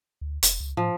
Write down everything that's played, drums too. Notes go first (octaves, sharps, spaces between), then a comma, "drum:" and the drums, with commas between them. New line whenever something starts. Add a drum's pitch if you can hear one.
D2
F1, drum: hi-hat
C#2
A2 F3